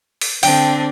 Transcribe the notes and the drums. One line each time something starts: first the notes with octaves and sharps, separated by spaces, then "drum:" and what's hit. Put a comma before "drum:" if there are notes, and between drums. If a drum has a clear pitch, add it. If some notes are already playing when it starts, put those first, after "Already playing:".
drum: open hi-hat
D3 C4 D4 G5, drum: open hi-hat